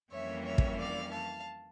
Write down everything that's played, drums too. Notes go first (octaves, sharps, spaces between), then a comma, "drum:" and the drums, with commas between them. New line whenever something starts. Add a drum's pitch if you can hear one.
F2 E3 G3 A#3 C#4 C#5 E5
C#5 E5
drum: kick
D5 F5
F5 A5